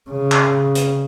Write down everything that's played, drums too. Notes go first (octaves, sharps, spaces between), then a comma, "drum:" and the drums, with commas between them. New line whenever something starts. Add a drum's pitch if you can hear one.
C#3
drum: clap
drum: hi-hat